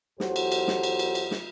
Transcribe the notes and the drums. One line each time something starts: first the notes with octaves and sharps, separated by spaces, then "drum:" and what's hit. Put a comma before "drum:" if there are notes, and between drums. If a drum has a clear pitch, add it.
E2 F#3 F#4 G4 A4 C5, drum: snare
drum: cymbal
drum: cymbal
drum: snare
drum: cymbal
drum: cymbal
drum: cymbal
drum: snare